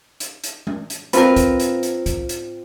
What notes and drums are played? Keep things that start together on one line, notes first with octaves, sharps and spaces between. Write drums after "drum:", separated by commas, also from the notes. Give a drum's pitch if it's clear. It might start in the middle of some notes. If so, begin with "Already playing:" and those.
drum: hi-hat
drum: hi-hat
drum: tom G#3
drum: hi-hat
C4 F4 A#4 B4, drum: hi-hat
drum: kick, hi-hat
drum: hi-hat
drum: hi-hat
drum: kick, hi-hat
drum: hi-hat